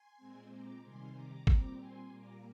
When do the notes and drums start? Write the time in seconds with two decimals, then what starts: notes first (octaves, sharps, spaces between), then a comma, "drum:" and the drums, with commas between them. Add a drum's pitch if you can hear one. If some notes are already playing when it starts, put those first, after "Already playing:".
Already playing: G#5 C6
0.17 A#2 G#3 C4
0.50 A#5 D6
0.82 C3 D#3 G3 G#5 C6
1.15 A#5 D6
1.47 A#2 G3 C4, drum: kick
1.79 G#5 C6
2.12 A#2 G3 A#3 A#5 D6